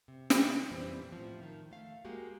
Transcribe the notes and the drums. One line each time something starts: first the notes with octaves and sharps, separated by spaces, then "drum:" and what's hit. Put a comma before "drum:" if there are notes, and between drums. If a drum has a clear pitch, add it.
C3
drum: snare
F2 A#2 E3 G3 C4
A2 F3
D#3
A3 F5
G#3 A#3 F#4 G4